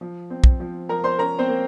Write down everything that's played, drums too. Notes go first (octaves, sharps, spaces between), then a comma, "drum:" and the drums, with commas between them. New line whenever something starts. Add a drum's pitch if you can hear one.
F3
C4
drum: kick
F3
F3 A#4 A#5
C5 C6
C#4 A#4 A#5
C4 C5
A#3